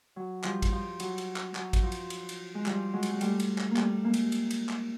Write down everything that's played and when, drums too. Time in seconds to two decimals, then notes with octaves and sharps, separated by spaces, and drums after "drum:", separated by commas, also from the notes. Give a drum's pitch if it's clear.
0.16 F#3
0.44 F3 G3, drum: clap
0.62 drum: kick A1, cymbal
0.72 F3
1.00 F#3, drum: cymbal
1.18 drum: cymbal
1.36 drum: clap
1.55 F#3, drum: clap
1.73 drum: kick A1, cymbal
1.83 F3
1.92 drum: cymbal
2.10 drum: cymbal
2.29 drum: cymbal
2.55 G#3
2.66 F3 G3, drum: clap
2.93 F#3 G#3
3.03 drum: cymbal
3.13 G#3
3.21 G3 A3, drum: cymbal
3.40 drum: cymbal
3.58 drum: clap
3.71 A#3
3.76 G3 A3, drum: clap
4.04 G#3 A#3
4.14 drum: cymbal
4.32 drum: cymbal
4.51 drum: cymbal
4.69 drum: clap